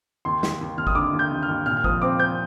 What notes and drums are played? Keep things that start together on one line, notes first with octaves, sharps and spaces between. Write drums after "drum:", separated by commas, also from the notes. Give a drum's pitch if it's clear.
D#2 C6
D#2, drum: snare
D#2
D#2 F6
D#6, drum: kick
D3 D6
D#2
G6
D#2
F6
D#2
A#2 F6
F6
F3 D#6, drum: kick
C4 D6
C4 G6